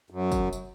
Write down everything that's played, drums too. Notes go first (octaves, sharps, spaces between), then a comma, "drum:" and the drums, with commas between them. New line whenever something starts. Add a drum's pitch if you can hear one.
F#2
drum: kick, tambourine
drum: tambourine